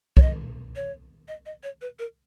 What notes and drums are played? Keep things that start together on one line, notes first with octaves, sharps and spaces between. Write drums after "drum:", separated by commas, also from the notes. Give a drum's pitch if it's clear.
C#5, drum: kick
D#5
C#5
D#5
D#5
C#5
B4
A#4